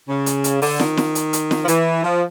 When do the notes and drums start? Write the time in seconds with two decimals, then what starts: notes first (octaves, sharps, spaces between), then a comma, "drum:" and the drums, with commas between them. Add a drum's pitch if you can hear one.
0.09 C#3
0.26 drum: hi-hat
0.44 drum: hi-hat
0.62 D3, drum: open hi-hat
0.80 D#3, drum: snare
0.97 drum: snare
1.15 drum: hi-hat
1.33 drum: hi-hat
1.51 drum: snare
1.64 F3
1.68 E3, drum: hi-hat
2.04 F3